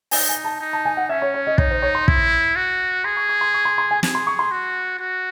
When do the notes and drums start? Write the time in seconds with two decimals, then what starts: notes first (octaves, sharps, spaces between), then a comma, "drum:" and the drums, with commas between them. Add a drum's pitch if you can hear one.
0.11 D#4 G#5, drum: open hi-hat
0.29 G#5
0.44 A5
0.60 D#4
0.73 A5
0.85 G#5
0.97 F#5
1.09 C#4 E5
1.22 C#5
1.34 C#5
1.47 D#5
1.58 D#4 C#5, drum: kick
1.71 C5
1.82 C#5
1.95 C6
2.08 E4, drum: kick
2.56 F#4
3.04 G#4 C6
3.17 C#6
3.29 C#6
3.41 C6
3.54 C#6
3.65 C6
3.78 C6
3.91 G#5
4.03 G#4, drum: snare
4.15 C6
4.27 C#6
4.39 C6
4.51 F#4
4.99 F#4